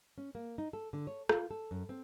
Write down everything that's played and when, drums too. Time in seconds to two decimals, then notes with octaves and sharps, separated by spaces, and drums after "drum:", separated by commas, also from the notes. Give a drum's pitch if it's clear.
0.18 C#4
0.35 A#3
0.58 D#4
0.73 A4
0.93 D3
1.07 C#5
1.29 F4, drum: rim click
1.51 A4
1.71 F#2
1.89 C4